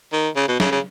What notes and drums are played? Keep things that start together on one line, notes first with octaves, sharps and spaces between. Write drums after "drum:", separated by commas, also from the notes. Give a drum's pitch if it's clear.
D#3
C#3
B2
C#3, drum: snare
C#3